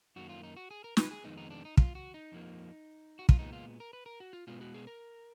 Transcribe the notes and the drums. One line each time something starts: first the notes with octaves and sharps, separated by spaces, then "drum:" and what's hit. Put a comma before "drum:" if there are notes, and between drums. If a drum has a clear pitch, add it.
F#2 D#3 A#3 F#4
F4
D#4
F#4
G#4
A#4
B4, drum: snare
G#4
F2 D#3 G#3 B3 D#4
D#4
D4
D#4
F4, drum: kick
F#4
D#4
F2 F3 A#3
F#4
F4, drum: kick
A#2 G#3 B3 D#4
F4
A#4
B4
A#4
F#4
F4
B2 G#3 B3 F4
F#4
G#4
A#4